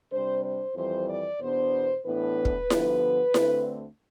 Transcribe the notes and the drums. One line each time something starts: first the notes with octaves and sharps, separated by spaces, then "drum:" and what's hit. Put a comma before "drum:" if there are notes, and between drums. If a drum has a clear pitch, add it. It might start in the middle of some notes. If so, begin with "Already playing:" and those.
C3 G3 D4 C5
C5
F2 E3 G3 C5
D5
E2 B2 B3 D4 C5
A2 E3 B3 D4 B4
drum: kick
G2 D3 F3 B3, drum: snare E4
D2 D3 A3 C4, drum: snare E4